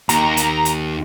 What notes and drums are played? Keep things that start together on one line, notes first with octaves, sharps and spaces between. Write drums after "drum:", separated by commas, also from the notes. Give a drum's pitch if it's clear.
D#2 A#5, drum: hi-hat
drum: hi-hat
drum: hi-hat